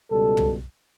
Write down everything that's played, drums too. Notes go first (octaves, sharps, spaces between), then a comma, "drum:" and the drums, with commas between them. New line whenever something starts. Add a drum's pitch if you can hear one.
C#2 B2 G3 A4
drum: tom